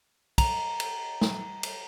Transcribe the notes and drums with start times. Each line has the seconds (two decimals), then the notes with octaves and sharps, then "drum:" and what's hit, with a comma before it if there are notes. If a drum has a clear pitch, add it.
0.38 A#5, drum: kick, cymbal
0.80 drum: cymbal
1.21 drum: snare
1.63 drum: cymbal